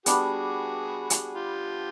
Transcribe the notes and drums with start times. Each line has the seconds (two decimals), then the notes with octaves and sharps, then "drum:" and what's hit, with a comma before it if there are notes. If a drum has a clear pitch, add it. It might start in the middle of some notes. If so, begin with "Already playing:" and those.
0.06 G3 B3 D4 F#4 G#4, drum: hi-hat
1.10 drum: hi-hat
1.35 F4 G4